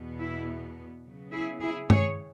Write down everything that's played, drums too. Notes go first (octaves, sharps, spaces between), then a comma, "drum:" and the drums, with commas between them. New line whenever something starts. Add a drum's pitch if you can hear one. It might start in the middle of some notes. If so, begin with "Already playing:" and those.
Already playing: E2 B2 B3
E4
C#3 F#3 B3
E4 G#4
E4 G#4
G#4 C#5, drum: tom G2